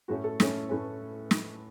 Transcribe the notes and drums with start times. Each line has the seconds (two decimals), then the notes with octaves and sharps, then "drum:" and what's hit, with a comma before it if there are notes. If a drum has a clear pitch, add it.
0.08 A2 A3 C#4 F#4
0.24 A4
0.40 A2 A3 C#4, drum: snare
0.69 A2 A3 C#4 B4
1.31 drum: snare